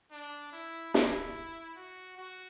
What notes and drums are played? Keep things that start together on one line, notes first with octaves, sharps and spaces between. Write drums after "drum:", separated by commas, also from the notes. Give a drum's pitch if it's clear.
D4
E4
E4, drum: snare
F#4
F#4